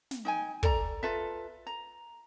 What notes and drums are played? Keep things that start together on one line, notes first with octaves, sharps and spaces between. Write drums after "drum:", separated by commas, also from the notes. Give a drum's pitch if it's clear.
drum: snare
D#4 G5 G#5
A4 D5 A#5, drum: kick
F4 A4 B4 E5
A#5